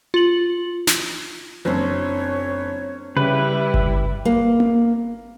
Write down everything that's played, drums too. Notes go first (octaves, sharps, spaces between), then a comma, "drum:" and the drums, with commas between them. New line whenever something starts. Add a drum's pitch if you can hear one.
F4 F#7
drum: snare
F#1 C4 D4 C#5
C#3 G3 E4 B4
drum: kick G1
A#3
drum: tom A#3